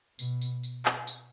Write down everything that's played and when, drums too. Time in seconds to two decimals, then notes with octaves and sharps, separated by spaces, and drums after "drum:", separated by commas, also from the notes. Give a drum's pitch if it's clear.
0.19 B2, drum: tambourine
0.41 drum: tambourine
0.63 drum: tambourine
0.85 drum: clap
1.07 drum: tambourine